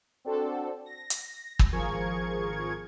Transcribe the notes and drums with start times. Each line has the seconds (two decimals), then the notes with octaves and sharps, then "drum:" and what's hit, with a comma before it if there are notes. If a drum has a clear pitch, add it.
0.25 C4 D4 F#4 A4
0.86 A#6
1.10 drum: hi-hat
1.59 drum: kick
1.73 G#1 F3 G#4 A#4 C#6 G#6